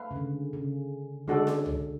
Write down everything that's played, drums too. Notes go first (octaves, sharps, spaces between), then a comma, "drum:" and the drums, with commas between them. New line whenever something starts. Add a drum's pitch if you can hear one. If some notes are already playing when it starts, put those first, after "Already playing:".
Already playing: A3 B4 F5
C#3
D3
C#3
D3 G#3 D4 F#4 A4 D5
drum: snare
drum: tom C2